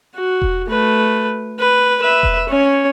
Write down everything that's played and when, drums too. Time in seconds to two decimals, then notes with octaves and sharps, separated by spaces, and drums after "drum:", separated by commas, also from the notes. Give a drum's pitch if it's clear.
0.16 F#4
0.42 drum: kick E1
0.68 A3 B4
1.59 B4
2.02 B4 E5
2.23 drum: kick E1
2.49 C#4 C#5